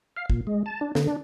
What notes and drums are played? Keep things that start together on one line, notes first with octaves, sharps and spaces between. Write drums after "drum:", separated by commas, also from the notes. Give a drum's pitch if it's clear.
F5
A#2, drum: kick
G#3
A5
D4
D3, drum: snare
D4